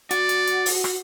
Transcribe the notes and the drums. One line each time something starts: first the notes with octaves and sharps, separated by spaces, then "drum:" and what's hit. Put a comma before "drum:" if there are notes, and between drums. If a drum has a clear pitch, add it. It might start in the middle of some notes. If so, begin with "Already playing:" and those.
F#4 D5, drum: hi-hat
drum: hi-hat
drum: hi-hat
drum: open hi-hat
drum: rim click